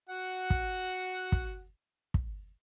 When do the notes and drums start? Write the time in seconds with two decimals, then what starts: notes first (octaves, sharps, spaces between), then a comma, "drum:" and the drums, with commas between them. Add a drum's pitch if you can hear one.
0.09 F#4 F#5
0.50 drum: kick
1.32 drum: kick
2.14 drum: kick